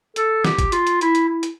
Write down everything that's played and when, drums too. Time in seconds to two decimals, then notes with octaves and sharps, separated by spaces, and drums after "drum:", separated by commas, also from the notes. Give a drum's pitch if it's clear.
0.16 A4, drum: hi-hat
0.44 G4, drum: snare
0.58 drum: kick G1, hi-hat
0.72 F4, drum: hi-hat
0.87 drum: hi-hat
1.01 E4, drum: hi-hat
1.15 drum: hi-hat
1.29 E4
1.43 drum: hi-hat